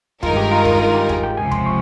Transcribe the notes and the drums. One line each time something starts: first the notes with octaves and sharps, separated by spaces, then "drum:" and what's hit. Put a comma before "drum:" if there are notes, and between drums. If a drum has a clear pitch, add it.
G2 D#3 G#3 D#4 F4 A#4, drum: kick
G4
F4
F4, drum: kick
F4
G4
G#4, drum: kick
G5
C#2 C3 F3 G#5
C6, drum: kick
C#6